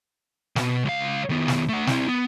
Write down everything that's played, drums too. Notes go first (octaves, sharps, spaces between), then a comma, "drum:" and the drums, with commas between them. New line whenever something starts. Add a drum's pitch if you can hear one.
B2 D3, drum: snare
C#2 F5
D#3 B3
drum: snare
A3 F#5
C4 E4, drum: snare
B3